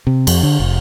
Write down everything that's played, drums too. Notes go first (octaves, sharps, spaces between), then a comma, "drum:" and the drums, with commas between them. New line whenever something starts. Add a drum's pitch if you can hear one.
C3
F2, drum: cymbal
D3
F1